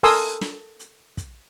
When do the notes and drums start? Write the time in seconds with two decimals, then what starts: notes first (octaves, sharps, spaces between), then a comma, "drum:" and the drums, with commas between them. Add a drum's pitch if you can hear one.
0.03 A4 A#4 G#5 C6 D#6 E6, drum: open hi-hat
0.41 drum: snare
0.79 drum: hi-hat
1.17 drum: kick, hi-hat